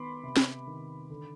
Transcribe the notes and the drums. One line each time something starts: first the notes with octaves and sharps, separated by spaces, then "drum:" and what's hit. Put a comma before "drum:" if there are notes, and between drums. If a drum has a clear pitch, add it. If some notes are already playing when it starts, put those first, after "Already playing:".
Already playing: D#3 B3 B5 C6 D6
C3
drum: snare
D#3
D3